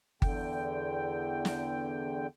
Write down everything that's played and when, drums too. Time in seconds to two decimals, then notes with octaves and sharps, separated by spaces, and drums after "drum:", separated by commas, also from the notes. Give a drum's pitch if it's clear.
0.22 E2 D3 G5, drum: kick G1
1.45 drum: snare